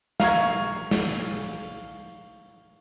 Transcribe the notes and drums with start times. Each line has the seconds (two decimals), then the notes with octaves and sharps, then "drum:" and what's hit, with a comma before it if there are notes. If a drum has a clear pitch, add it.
0.20 F5 A#5 C#6 G#6, drum: snare
0.91 drum: snare
1.07 drum: open hi-hat